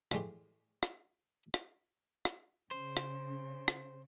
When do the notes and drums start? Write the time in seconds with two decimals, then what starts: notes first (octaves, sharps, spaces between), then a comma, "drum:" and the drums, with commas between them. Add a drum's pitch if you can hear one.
0.11 A2 E3 G#3 A3 G4, drum: rim click
0.83 drum: rim click
1.54 drum: rim click
2.25 drum: rim click
2.71 C#3 C5
2.97 drum: rim click
3.68 drum: rim click